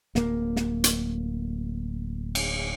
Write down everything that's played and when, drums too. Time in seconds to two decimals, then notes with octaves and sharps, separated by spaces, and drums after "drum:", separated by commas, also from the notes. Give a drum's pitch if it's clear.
0.15 D1 A#3, drum: snare
0.56 drum: snare
0.84 drum: hi-hat
2.35 drum: cymbal